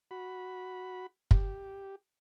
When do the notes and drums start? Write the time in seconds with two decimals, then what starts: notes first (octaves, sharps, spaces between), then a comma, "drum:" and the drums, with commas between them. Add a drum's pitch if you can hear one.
0.11 F#4 B5
1.31 G4, drum: kick